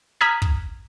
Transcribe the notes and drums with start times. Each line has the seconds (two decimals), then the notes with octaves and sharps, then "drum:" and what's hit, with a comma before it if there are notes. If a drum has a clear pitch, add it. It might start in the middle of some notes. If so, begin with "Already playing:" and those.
0.21 A#5 D#6 F6 F#6 G#6 B6
0.42 drum: kick